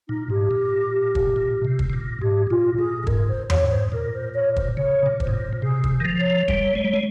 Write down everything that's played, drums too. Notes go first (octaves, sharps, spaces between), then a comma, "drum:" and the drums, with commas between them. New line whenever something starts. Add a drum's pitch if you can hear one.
A#2 D#4
G#2 G4
A#2
drum: kick
A#2
C3
drum: kick
C3
A#2
G#2 G4
A#2 F4
A#2 G#4
G#4
G#2 A#4, drum: kick
C5
C#5, drum: tom E2
G#2
C5
A#2 A#4
C5
C#5
C5, drum: kick
C#3 C#5
A#2
C5, drum: kick
G#2
A#2
A#2
C3 G#4
drum: kick
D#3
F3
C#5
G3, drum: kick
G#3
G3
G#3